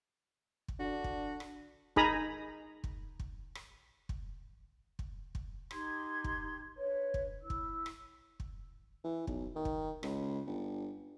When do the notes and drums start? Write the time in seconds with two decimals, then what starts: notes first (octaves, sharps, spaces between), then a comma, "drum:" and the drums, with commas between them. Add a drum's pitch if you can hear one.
0.68 drum: kick
0.80 D3 D4 F#4
1.04 drum: kick
1.40 drum: rim click
1.96 D#4 G#4 G#5 A#5 B5 D#6, drum: kick
2.84 drum: kick
3.19 drum: kick
3.55 drum: rim click
4.09 drum: kick
4.99 drum: kick
5.35 drum: kick
5.71 D#4 G4 C6 G#6, drum: rim click
6.24 drum: kick
6.76 D4 B4 C#5
7.14 drum: kick
7.40 E4 E6
7.50 drum: kick
7.86 drum: rim click
8.40 drum: kick
9.04 E3
9.27 B1, drum: kick
9.56 D#3
9.65 drum: kick
10.03 C#2, drum: rim click
10.47 G1